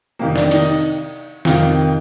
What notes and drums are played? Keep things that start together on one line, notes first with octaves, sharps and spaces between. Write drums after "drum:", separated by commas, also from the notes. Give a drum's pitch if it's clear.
F2 C3 D#3 A#3
D4, drum: snare
D#4, drum: cymbal
F2 C3 D#3 F4, drum: snare